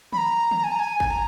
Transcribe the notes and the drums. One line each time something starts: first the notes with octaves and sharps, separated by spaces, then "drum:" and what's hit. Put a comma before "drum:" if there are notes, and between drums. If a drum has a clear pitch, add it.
B5, drum: tom
A#5
drum: tom
G#5
A#5
G#5
G#5, drum: kick G1
A#5